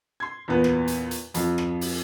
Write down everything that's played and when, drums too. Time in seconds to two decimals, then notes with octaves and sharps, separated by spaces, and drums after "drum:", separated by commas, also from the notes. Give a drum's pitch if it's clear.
0.20 C6 G#6
0.48 E2 A#2 B3
0.64 drum: rim click
0.88 drum: hi-hat
1.11 drum: hi-hat
1.34 F2 F3, drum: hi-hat
1.58 drum: rim click
1.81 drum: open hi-hat